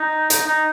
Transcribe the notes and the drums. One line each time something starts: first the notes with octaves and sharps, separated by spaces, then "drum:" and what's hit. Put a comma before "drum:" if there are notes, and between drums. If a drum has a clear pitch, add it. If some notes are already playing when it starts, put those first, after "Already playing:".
Already playing: D#4
D#4, drum: hi-hat
D#4